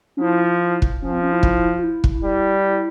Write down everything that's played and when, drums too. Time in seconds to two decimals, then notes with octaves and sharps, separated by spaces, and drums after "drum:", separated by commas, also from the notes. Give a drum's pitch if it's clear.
0.17 C#4
0.21 F3 E4
0.82 drum: kick
1.02 F3 C#4
1.12 C4
1.22 C#4
1.32 E4
1.43 drum: kick
1.78 F4
1.84 E4
2.04 drum: kick
2.24 G3